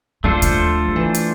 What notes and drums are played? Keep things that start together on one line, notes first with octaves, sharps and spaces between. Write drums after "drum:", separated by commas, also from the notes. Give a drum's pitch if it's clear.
F3 A3 D4 F4 A4 C5
drum: kick D#2, hi-hat
F3
E3
drum: hi-hat